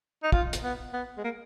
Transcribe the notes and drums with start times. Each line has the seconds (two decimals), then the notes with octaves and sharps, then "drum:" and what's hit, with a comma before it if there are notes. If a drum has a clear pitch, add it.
0.23 D#4
0.32 F4, drum: kick
0.53 drum: hi-hat
0.63 B3
0.93 B3
1.17 G#3
1.24 A#3